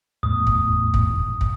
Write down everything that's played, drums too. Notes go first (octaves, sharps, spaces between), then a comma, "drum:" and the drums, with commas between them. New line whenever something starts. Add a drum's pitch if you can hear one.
E2 A2 D#6
drum: kick
drum: kick
drum: kick